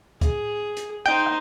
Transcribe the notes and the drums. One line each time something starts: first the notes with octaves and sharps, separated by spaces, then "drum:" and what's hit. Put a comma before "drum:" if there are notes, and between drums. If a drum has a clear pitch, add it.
G#4, drum: kick C#2, hi-hat
drum: hi-hat
D#4 C5 G5